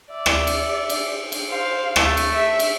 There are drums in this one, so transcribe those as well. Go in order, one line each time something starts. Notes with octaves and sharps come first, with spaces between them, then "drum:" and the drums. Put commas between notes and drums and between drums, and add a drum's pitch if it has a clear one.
D5 E5
drum: rim click
drum: cymbal
drum: cymbal
drum: cymbal
C5 F5
A3, drum: rim click
drum: cymbal
E5
drum: cymbal